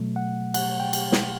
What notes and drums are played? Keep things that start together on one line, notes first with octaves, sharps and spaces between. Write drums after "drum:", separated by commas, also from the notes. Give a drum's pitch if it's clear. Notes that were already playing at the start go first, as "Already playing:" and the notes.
Already playing: B2 F#3 A3
F#5
F#5, drum: cymbal
G5
drum: cymbal
drum: snare